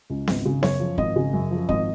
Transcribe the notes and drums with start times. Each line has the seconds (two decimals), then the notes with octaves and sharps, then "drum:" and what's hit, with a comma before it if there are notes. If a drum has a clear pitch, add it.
0.10 C#2
0.27 G#1, drum: snare B3
0.45 C#3
0.63 F#2 C#5, drum: snare B3
0.80 F3
0.98 G#1 D#5, drum: kick
1.16 C#3
1.33 F#2
1.51 F3
1.69 G#1 D#5, drum: kick